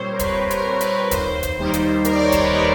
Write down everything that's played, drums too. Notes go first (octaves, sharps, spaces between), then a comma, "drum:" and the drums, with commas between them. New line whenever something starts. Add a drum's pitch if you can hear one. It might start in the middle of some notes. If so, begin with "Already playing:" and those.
Already playing: A#2 G3 C4 C5 C#5
A#4
A#2 B4, drum: kick, hi-hat
A#4, drum: hi-hat
G3 C4
A#4
B4, drum: hi-hat
D#2 C5, drum: kick, hi-hat
drum: kick, hi-hat
D#3 G3 A#3 D#4 C5
drum: hi-hat
D#2 A#4, drum: hi-hat
D5
C#5
C5, drum: kick, hi-hat
B4
D#3 G3 A#3 D#4 A#4